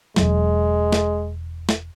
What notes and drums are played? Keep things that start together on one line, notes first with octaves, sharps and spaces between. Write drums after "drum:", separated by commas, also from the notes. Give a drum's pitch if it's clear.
E1 B1 F#3 G#3, drum: snare
drum: snare
drum: snare